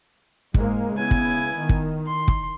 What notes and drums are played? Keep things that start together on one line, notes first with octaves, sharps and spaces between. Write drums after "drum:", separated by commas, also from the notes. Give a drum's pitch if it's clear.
G#2 G#3 A#3, drum: kick
C#3 B3 E4 G#5
drum: kick
D#3
drum: kick
C6
drum: kick